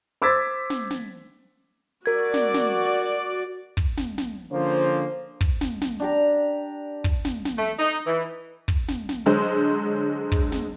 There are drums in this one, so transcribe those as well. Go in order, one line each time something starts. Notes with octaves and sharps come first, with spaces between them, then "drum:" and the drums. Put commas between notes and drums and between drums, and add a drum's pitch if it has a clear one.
C5 D6 E6 G#6 A6 B6
drum: snare
drum: snare
F#4 A#4 D5 G#6
drum: snare
drum: snare
drum: kick
drum: snare
drum: snare
D3 F3 A#3 C#4 C5
drum: kick
drum: snare
drum: snare
D4 G4 A#5
drum: kick
drum: snare
drum: snare
A3
D#4
E3
drum: kick
drum: snare
drum: snare
D3 F#3 G#3 C5
drum: kick
drum: snare